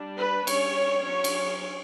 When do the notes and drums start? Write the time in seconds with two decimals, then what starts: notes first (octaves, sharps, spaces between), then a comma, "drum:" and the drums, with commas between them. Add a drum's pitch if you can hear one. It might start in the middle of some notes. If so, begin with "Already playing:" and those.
Already playing: G3 D4
0.18 B4
0.47 G3 C#4 C#5, drum: cymbal
1.04 F#3 C#4 C#5
1.24 drum: cymbal